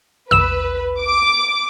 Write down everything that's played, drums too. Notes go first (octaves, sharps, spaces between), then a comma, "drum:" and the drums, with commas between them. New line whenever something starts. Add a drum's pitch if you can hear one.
B4 E6 E7, drum: tom
D6